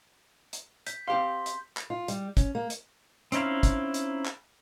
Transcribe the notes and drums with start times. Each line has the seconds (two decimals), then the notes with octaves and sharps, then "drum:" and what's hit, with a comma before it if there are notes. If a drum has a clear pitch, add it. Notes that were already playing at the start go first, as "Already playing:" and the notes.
0.53 drum: hi-hat
0.86 G6 B6, drum: hi-hat
1.07 C4 G4 F5 C6
1.46 drum: hi-hat
1.77 drum: clap
1.90 F4
2.08 G3, drum: hi-hat
2.37 C#4, drum: kick, hi-hat
2.55 A#3
2.70 drum: hi-hat
3.32 C4 C#4 D#4 E4 F5, drum: hi-hat
3.63 drum: kick, hi-hat
3.94 drum: hi-hat
4.25 drum: clap